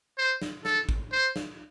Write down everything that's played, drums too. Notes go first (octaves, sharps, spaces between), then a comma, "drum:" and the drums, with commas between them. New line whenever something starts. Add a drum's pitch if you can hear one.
C5
drum: snare
A4, drum: snare
drum: kick
C5
drum: snare